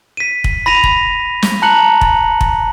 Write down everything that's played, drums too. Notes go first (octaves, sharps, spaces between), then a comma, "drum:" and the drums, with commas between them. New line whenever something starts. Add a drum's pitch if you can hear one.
B6 D#7
drum: kick
B5 A#6 D#7 F7
drum: kick
drum: snare
A5 A#5 F#6 C#7 F#7
drum: kick
drum: kick